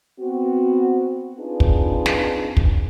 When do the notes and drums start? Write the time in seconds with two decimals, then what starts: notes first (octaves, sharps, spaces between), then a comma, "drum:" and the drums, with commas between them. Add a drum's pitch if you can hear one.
0.20 B3 C4 F#4
1.39 C4 D4 D#4 F4 G#4 B4
1.60 drum: kick
2.06 drum: snare
2.57 drum: kick